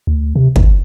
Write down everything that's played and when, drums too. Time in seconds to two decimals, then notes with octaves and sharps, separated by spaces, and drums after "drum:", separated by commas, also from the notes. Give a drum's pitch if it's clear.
0.07 D2
0.36 C3
0.56 G1, drum: kick